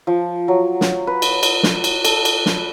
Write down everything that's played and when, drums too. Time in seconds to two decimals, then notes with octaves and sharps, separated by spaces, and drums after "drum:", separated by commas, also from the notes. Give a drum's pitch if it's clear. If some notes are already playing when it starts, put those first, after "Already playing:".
0.07 F3
0.48 F#3
0.81 drum: snare
1.07 B4
1.22 drum: cymbal
1.43 drum: cymbal
1.63 drum: snare
1.84 drum: cymbal
2.05 A4, drum: cymbal
2.25 drum: cymbal
2.46 drum: snare